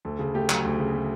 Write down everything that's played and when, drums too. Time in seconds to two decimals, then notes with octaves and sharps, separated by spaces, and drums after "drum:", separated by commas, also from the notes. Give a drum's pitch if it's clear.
0.05 D2 A4
0.19 C#3 A4
0.34 A3 G4
0.49 F#3 G#4, drum: clap
0.65 D2
0.79 C#3
0.95 A3